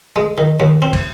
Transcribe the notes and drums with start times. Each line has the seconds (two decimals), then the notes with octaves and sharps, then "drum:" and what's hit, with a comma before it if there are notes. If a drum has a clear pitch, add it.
0.16 G#3
0.38 D#3
0.60 D#2, drum: tom G2
0.82 C4
0.93 drum: kick, cymbal